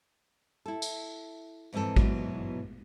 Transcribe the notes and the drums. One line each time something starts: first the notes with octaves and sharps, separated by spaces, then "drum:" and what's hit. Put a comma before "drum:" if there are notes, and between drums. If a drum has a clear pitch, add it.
E4 A4
drum: tambourine
F2 G#2 E3 C4 A4
G#2 B2 E3 F#3, drum: kick A1